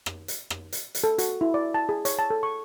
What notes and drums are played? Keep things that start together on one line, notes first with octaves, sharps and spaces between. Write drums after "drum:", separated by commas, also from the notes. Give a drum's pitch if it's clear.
drum: rim click
drum: hi-hat
drum: rim click
drum: hi-hat
drum: hi-hat
A4
F#4, drum: hi-hat
E4
D5
A5
G#4
C#5, drum: hi-hat
A5
A4
C#6